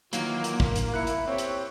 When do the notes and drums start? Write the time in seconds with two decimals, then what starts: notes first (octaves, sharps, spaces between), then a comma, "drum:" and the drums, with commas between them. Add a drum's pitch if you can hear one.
0.13 D#3 E3 F#3 A#3 F4, drum: hi-hat
0.44 drum: hi-hat
0.60 drum: kick
0.76 drum: hi-hat
0.94 E4 F#6 C#7
1.07 drum: hi-hat
1.28 C4 G4 C#5
1.38 drum: hi-hat